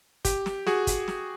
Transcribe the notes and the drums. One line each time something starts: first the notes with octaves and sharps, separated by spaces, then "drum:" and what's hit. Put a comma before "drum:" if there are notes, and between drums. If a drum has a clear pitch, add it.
G4, drum: kick, hi-hat
drum: snare
F#4 G#4, drum: snare
drum: kick, hi-hat
drum: snare